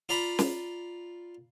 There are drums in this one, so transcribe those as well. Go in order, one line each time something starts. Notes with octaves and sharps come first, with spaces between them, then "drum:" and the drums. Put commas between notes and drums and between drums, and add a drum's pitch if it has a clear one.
F4 D5 A#5 B5
drum: snare